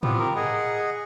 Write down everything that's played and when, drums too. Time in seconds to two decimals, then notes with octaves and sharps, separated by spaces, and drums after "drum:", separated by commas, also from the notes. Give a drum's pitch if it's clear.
0.03 B3 C4 F4 G4, drum: tom G#2
0.19 A#4
0.36 G#4 D#5 F#5